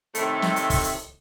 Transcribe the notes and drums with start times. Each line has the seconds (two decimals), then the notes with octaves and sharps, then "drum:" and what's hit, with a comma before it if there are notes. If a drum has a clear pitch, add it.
0.15 A2 C3 D#3 A3 C6, drum: hi-hat
0.42 drum: snare
0.56 drum: hi-hat
0.70 drum: kick, open hi-hat
0.84 drum: hi-hat